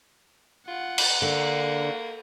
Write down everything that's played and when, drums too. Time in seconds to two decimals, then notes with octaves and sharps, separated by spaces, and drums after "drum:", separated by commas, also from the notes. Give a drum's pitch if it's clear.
0.68 F4 F#5
0.98 drum: cymbal
1.22 D3 A#3